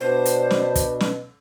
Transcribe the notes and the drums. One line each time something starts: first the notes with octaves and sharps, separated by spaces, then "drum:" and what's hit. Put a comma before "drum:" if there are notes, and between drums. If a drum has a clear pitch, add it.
B2 D4 C5
drum: hi-hat
drum: snare
drum: kick, hi-hat
drum: snare